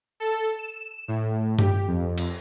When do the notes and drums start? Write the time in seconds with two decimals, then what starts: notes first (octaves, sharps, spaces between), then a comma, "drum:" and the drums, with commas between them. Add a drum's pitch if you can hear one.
0.20 A4
0.58 E7
1.08 A2
1.59 G4, drum: tom G2
1.88 F2
2.18 drum: cymbal